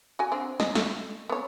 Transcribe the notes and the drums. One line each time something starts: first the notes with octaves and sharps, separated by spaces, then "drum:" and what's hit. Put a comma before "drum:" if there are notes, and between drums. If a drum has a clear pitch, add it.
F#4 G#5
C4 D4
D#5, drum: snare
A3, drum: snare
B3 C#5